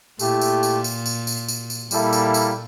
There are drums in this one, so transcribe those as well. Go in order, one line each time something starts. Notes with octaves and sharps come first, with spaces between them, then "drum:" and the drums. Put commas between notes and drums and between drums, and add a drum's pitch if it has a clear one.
A#2 A3 E4 G4, drum: tambourine
drum: tambourine
drum: tambourine
drum: tambourine
drum: tambourine
drum: tambourine
drum: tambourine
drum: tambourine
A#2 G3 A#3 E4 A4 E5, drum: tambourine
drum: tambourine
drum: tambourine